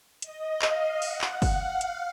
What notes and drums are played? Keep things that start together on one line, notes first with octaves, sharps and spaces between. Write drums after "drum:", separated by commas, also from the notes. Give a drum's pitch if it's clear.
D#5, drum: hi-hat
F5, drum: clap
F#5, drum: open hi-hat
drum: clap
F5, drum: kick, open hi-hat
F5, drum: hi-hat